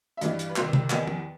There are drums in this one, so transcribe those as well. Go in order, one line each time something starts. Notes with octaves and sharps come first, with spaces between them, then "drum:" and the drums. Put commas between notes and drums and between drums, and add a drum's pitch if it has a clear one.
E5
G2 E3 G3 D#5, drum: hi-hat
drum: hi-hat
B4
C2 C3 D#3 G3 C4 C5, drum: clap
drum: tom C3
E2 D#3 G3 B3 D#5, drum: clap
drum: tom